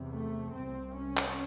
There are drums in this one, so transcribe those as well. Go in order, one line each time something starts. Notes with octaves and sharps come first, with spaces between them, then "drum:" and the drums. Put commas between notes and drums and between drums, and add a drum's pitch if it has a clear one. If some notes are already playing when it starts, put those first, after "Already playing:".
Already playing: E2 C3
A3
C2 C3 C4
C#4
drum: clap